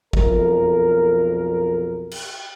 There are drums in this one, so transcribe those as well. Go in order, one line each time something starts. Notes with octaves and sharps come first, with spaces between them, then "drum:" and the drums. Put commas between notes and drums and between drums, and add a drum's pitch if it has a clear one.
B1 F2 A#4, drum: kick
drum: cymbal